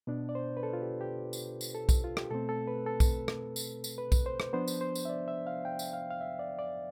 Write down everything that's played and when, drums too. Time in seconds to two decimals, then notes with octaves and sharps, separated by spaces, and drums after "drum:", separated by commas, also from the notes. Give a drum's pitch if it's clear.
0.07 B2 B3 D4
0.29 D5
0.35 C5
0.57 B4
0.63 A4
0.73 F4
0.82 G4
1.01 G4
1.33 drum: tambourine
1.61 drum: tambourine
1.74 A4
1.89 drum: kick B1, tambourine
2.04 F4
2.17 G4, drum: rim click
2.30 B2 A3 C4 A4
2.49 A4
2.68 B4
2.86 A4
3.00 drum: kick B1, tambourine
3.28 drum: rim click
3.56 drum: tambourine
3.84 drum: tambourine
3.98 B4
4.12 drum: kick B1, tambourine
4.26 C5
4.40 drum: rim click
4.53 F3 B3 D4 C5
4.68 drum: tambourine
4.81 C5
4.95 drum: tambourine
5.05 E5
5.09 D5
5.28 E5
5.47 F5
5.65 G5
5.79 drum: tambourine
5.93 F5
6.11 F5
6.21 E5
6.39 D5
6.59 D5